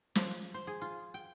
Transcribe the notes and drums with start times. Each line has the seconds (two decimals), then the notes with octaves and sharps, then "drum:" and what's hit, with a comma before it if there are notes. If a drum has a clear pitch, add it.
0.15 F3, drum: snare
0.54 C5
0.67 G#4
0.82 F4
1.14 G5